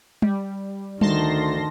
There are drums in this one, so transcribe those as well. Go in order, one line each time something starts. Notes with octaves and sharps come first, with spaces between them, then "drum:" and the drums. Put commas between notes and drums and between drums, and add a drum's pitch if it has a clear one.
G3, drum: tom G3
D2 D#3 A5 C6 A#6, drum: tom G3